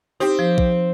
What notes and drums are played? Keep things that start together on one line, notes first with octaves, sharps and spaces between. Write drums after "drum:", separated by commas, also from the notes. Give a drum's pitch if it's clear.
C4 D#4 G4
F3 C5
drum: kick B1